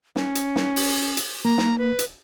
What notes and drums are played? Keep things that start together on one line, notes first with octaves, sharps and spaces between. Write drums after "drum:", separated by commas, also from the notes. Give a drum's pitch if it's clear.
C#4, drum: snare
drum: hi-hat
drum: snare
drum: open hi-hat
drum: hi-hat
A#3 A#5
drum: snare
B4
drum: hi-hat